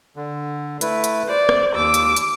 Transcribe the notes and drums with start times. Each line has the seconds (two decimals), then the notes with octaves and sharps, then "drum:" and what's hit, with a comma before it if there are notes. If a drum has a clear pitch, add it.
0.16 D3
0.81 A3 E4 B4, drum: hi-hat
1.04 drum: hi-hat
1.29 C5 D5
1.49 drum: rim click
1.75 D#2 D6 E6
1.94 drum: hi-hat
2.16 drum: hi-hat